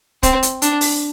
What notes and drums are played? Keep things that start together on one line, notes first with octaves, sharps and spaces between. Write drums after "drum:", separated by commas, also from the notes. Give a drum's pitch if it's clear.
C4, drum: kick, hi-hat
drum: hi-hat
D4, drum: hi-hat
drum: open hi-hat